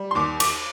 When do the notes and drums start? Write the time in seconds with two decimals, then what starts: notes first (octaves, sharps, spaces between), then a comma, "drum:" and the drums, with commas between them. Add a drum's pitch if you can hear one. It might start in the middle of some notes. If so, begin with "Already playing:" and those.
Already playing: G3
0.11 C6
0.15 D#2 D6
0.40 D6, drum: cymbal